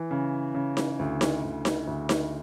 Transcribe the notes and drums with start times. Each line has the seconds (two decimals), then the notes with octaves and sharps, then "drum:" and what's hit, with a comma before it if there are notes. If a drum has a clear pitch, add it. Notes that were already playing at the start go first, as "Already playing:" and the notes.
Already playing: E3
0.11 C#3
0.54 C#3
0.77 drum: snare D#4
0.99 D2
1.21 drum: snare D#4
1.43 D2
1.65 drum: snare D#4
1.87 D2
2.09 drum: snare D#4